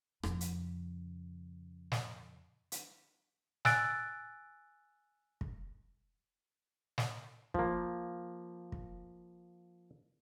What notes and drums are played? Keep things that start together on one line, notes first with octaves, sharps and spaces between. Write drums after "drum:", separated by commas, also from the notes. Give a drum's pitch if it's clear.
F2 C#3, drum: rim click
drum: hi-hat
drum: snare
drum: hi-hat
G#5 E6 F#6 A6 D7, drum: snare
drum: kick
drum: snare
F3 A#3, drum: kick
drum: kick